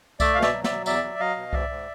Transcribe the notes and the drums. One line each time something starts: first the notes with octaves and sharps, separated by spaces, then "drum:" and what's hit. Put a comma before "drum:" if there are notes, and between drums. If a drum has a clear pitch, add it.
A3 D5 E5, drum: kick C2, tambourine
B2 F5
D5 E5, drum: snare
F#3
D5 E5, drum: snare
F#3
E2 D5 E5, drum: tambourine
F#3
F#3 D#5 F5
B2
G#2 D5 E5, drum: kick C2
G#2